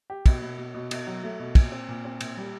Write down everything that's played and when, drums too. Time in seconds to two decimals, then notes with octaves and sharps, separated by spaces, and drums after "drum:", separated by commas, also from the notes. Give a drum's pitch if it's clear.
0.10 G4
0.26 B2, drum: kick, cymbal
0.42 B2
0.58 B2
0.74 B2
0.91 B2, drum: cymbal
1.07 F#3
1.24 A3
1.40 B2
1.55 A#2, drum: kick, cymbal
1.72 C4
1.88 A#2
2.05 C4
2.21 A#2, drum: cymbal
2.37 G3